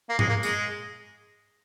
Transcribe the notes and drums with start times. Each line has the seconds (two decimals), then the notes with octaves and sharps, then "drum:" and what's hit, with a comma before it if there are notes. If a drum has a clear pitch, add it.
0.09 A#3
0.19 G#3, drum: tom G#2
0.29 A#3
0.43 G#3, drum: tambourine